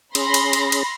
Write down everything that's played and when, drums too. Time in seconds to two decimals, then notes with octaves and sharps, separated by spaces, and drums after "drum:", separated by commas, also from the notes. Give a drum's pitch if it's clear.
0.15 C#4 G#4 B5 C6 A#6, drum: cymbal
0.34 drum: cymbal
0.53 drum: cymbal
0.72 drum: cymbal